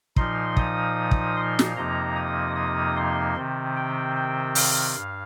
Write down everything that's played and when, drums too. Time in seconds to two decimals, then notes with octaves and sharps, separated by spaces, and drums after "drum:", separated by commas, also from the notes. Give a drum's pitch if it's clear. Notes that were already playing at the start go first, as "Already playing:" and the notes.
0.16 A#2 F3 D#4 C6, drum: kick
0.57 D#6, drum: kick
1.11 drum: kick
1.37 C6
1.59 drum: snare
1.76 F2 C3 F3 A#3 D#4 A#5
2.16 D#6
2.56 D#6
2.96 C6
3.36 C3 D#3 C4
3.76 G5
4.16 G5
4.55 F5, drum: open hi-hat
4.95 G2